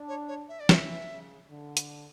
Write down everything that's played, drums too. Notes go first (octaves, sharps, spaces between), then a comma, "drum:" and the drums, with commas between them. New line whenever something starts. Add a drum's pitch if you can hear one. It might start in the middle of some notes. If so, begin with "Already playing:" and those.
Already playing: D4
C#5
C#5
E5
D5
E3 E5, drum: snare
C#3
D3
drum: hi-hat